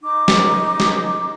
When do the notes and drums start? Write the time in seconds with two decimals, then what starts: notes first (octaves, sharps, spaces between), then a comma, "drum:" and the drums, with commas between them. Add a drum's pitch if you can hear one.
0.02 D#4 D6
0.28 drum: snare
0.80 drum: snare